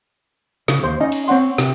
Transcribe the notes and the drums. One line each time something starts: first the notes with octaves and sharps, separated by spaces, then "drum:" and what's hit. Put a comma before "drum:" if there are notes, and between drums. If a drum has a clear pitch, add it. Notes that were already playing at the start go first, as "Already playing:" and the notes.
C#3, drum: snare
D#2 C5
C#4 D#4 D#5
drum: cymbal
C4 C#5 F#5 C6
C3, drum: snare